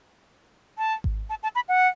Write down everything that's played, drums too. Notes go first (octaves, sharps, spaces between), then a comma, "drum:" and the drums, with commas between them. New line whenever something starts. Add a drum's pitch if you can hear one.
A5
drum: kick G#1
A5
A5
B5
F#5